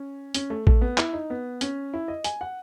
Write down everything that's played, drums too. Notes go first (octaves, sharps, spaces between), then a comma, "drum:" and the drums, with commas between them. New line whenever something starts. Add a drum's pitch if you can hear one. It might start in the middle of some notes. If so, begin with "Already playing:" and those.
Already playing: C#4
C#4, drum: hi-hat
A3
A3, drum: kick A1
B3
E4, drum: clap
D#4
B3
C#4, drum: hi-hat
E4
D#5
G#5, drum: hi-hat
F#5